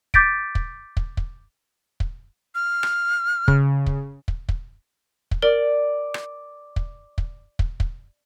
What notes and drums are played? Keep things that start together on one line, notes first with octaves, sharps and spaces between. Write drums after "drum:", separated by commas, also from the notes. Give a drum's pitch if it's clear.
D6 G6 A6 B6 D7, drum: kick
drum: kick
drum: kick
drum: kick
drum: kick
F6
drum: rim click
C#3, drum: kick
drum: kick
drum: kick
drum: kick
drum: kick
A#4 D5
drum: rim click
drum: kick
drum: kick
drum: kick
drum: kick